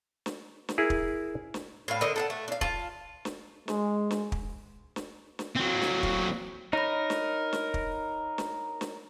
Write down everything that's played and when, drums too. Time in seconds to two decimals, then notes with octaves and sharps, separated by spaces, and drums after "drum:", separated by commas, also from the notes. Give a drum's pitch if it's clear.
0.26 drum: snare
0.69 drum: snare
0.78 E4 G#4 A#4
0.90 drum: kick
1.54 drum: snare
1.88 A2 F5
2.01 D3 A#4 D#5
2.16 A4 F5 F#5
2.30 A3
2.48 D4 F5
2.61 F4 A5, drum: kick
3.25 drum: snare
3.68 G#3, drum: snare
4.11 drum: snare
4.32 drum: kick
4.96 drum: snare
5.39 drum: snare
5.55 F#3 C4
5.82 drum: snare
6.03 drum: kick
6.73 D#4 A#4 C#5 B5
7.10 drum: snare
7.53 drum: snare
7.74 drum: kick
8.38 drum: snare
8.81 drum: snare